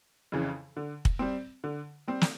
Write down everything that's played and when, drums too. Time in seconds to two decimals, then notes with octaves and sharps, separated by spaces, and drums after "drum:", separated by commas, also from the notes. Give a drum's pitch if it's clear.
0.32 F2 C#3 E3
0.77 D3
1.05 drum: kick
1.19 G3 C4
1.64 D3
2.08 G3 C4
2.21 drum: snare